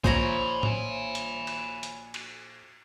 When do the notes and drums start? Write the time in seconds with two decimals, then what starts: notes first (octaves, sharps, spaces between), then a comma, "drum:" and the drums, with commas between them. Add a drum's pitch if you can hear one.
0.04 A#1 C5 C#5 G#5 A#5 B5, drum: kick C2
0.63 drum: tom A2
1.15 drum: hi-hat
1.47 drum: cymbal
1.83 drum: hi-hat
2.14 drum: cymbal